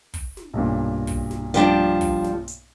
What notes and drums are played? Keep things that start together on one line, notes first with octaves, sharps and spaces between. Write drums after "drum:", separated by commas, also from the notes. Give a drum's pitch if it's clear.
drum: kick, open hi-hat
drum: snare
B1 G2 A#2
drum: kick, open hi-hat
drum: snare
F3 G3 D4, drum: hi-hat
drum: kick, open hi-hat
drum: snare
drum: hi-hat